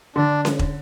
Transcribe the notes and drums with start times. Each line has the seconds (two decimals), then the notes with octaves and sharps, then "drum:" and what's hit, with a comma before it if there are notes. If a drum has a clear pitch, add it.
0.16 D3 D4
0.45 drum: snare C#4
0.59 drum: kick